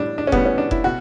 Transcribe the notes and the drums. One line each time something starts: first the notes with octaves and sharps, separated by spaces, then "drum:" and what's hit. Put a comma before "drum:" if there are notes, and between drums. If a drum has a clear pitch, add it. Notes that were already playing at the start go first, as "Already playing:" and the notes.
Already playing: A2 G3 D4
D4
C#4
A2 G3 B3, drum: kick F1
C#4
D4
E4, drum: kick F1
B2 F#4